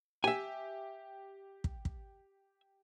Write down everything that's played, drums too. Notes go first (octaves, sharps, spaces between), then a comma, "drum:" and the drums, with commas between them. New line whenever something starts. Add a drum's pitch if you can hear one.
G4 E5 G#5
drum: kick
drum: kick